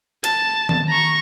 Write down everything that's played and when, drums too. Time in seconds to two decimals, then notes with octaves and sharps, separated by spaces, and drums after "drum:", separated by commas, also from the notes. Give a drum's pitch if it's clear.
0.24 A5, drum: hi-hat
0.69 drum: tom D#3
0.88 A#5 C#6